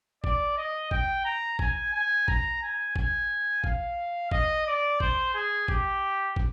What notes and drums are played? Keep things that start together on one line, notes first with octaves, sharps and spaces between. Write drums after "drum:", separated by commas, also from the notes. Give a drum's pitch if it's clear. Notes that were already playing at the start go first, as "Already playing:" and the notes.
D5, drum: kick
D#5
G5, drum: kick
A#5
G#5, drum: kick
G#5
A#5, drum: kick
G#5
G#5, drum: kick
F5, drum: kick
D#5, drum: kick
D5
C5, drum: kick
G#4
G4, drum: kick
drum: kick